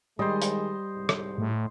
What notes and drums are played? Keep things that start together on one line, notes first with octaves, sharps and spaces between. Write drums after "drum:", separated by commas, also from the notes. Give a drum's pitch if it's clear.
D#3 G3 G#3 C5 D#5
drum: hi-hat
C2 G#2 G#3
drum: rim click
A2